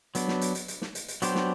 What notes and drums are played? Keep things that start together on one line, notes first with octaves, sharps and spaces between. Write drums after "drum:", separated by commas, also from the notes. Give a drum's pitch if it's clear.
F#3 B3 D4, drum: hi-hat
drum: snare
drum: hi-hat
drum: hi-hat
drum: hi-hat
drum: snare
drum: hi-hat
drum: hi-hat
F#3 B3 D4 G4 C5, drum: hi-hat
drum: snare